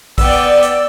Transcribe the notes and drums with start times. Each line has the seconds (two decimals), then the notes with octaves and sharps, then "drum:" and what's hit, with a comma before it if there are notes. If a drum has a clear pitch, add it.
0.18 B3 D5 G5 E6, drum: kick, open hi-hat
0.62 drum: hi-hat